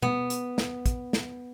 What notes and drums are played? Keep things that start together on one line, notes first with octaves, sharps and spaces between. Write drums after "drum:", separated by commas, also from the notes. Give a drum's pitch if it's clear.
B3, drum: tom B2
drum: hi-hat
drum: snare
drum: kick, hi-hat
drum: snare